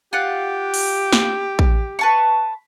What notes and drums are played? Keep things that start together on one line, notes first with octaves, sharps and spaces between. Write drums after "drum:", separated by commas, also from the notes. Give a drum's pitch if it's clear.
F4 G4 F#5
drum: open hi-hat
drum: snare
drum: kick
B4 A5 C#6